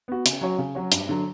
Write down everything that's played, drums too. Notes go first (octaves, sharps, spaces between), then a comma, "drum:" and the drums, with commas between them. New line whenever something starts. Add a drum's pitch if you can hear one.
B3 F#4
C#3, drum: hi-hat
F#3 C#4 F#4 C#5
C#3
F#3 C#4 F#4 C#5
G2, drum: hi-hat
D3 F#3